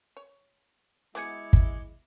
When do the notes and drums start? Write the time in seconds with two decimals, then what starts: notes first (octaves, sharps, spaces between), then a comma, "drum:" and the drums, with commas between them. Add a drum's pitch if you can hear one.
0.17 C#5
1.15 G#3 B3 E4 F#4 G#4 D6 G#6 C#7
1.53 drum: kick